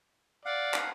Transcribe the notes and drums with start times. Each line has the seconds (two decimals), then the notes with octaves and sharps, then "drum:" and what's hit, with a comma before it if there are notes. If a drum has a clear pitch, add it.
0.45 D5 F5 F#5
0.74 drum: clap